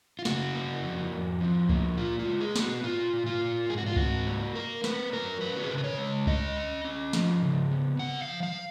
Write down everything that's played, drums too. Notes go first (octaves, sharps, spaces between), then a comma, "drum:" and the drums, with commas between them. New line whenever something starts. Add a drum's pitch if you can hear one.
F4
C#3 F#4, drum: snare
A#3
F2
F2
F3
A#3, drum: kick C#2
A#2 F4
F4
G#3
G#4
B3, drum: snare
F#4
A#2 F4
A#2
F4
A#2
G#2 G#4
F#4
F4
G#2 F#4, drum: kick C#2
A#3
A#3 A#4
A#3 B4, drum: snare
F#3 A#4
C#4 B4
F#4
G#4
C#3 A#4
B4
C#5
G#3
C#4 D#5, drum: kick C#2
C#4
C#4
F3, drum: snare
C#3
B3
C#3 F#5
F5
F3
F5